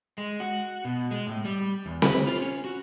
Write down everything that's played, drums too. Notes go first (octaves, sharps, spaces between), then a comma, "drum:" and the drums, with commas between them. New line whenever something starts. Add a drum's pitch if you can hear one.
G#3
F#4
B2
G#3
A2
G3
E2
B4, drum: snare C4
F4
C#4
F#4